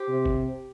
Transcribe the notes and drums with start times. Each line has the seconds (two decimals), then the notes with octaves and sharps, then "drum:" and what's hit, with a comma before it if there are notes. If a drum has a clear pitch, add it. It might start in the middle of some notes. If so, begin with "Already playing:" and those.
Already playing: G4 C5
0.09 C3
0.26 drum: kick